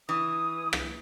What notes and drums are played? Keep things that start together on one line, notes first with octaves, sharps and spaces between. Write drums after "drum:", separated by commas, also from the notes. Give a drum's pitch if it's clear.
E3 D#6
drum: rim click